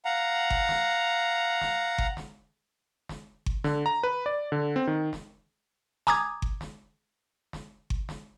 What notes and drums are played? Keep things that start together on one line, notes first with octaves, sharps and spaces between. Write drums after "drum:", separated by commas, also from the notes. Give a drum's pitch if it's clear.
F5 F#5 A#5
drum: kick G1
drum: snare
drum: snare
drum: kick G1
drum: snare
drum: snare
drum: kick G1
D3, drum: snare
A#5
B4
D5
D3
C4
D#3
drum: snare
G#5 A#5 D6 D#6 G#6, drum: snare
drum: kick G1
drum: snare
drum: snare
drum: kick G1
drum: snare